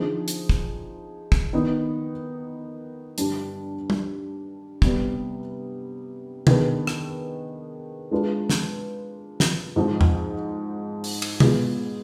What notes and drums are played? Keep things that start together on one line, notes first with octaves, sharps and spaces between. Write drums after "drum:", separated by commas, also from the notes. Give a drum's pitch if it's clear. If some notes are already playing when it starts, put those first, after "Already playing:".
Already playing: D3 F3 C4 D#4 G#4
drum: hi-hat
drum: kick
drum: kick
D#3 B3 D#4
G2 D3 G3 D4, drum: hi-hat
drum: tom
C3 G3 B3, drum: kick
D#3 B3 D4 G#4 B4, drum: tom
drum: rim click
G#3 D4 F4 B4
drum: snare
drum: snare
G#2 F3 C4
drum: tom E2
drum: open hi-hat
drum: cymbal
B2 G#3 B3 F4 G#4, drum: tom